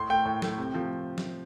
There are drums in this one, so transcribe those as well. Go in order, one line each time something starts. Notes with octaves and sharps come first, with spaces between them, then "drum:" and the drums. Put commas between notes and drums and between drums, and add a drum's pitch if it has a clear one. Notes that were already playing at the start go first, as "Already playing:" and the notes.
Already playing: A2 C6
A3 G5
A2
A3, drum: snare
C3
F3 A3
drum: snare